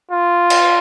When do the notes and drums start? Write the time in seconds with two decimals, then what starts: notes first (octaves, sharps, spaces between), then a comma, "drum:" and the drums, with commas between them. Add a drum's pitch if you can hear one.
0.11 F4
0.50 drum: cymbal